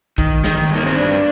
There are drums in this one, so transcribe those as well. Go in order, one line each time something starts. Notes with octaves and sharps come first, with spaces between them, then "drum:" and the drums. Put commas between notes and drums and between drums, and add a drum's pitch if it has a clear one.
D#3, drum: kick
D#3, drum: snare
G2
A#3
C4
G2 D4